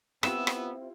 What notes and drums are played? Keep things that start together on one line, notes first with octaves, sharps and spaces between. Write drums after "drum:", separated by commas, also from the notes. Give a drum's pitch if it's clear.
B3 C4 E4 F4 G4 E6, drum: rim click
drum: rim click